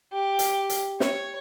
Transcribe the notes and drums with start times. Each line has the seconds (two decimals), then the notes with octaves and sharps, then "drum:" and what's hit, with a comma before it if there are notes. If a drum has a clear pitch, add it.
0.13 G4
0.39 drum: hi-hat
0.70 drum: hi-hat
1.00 C#5, drum: snare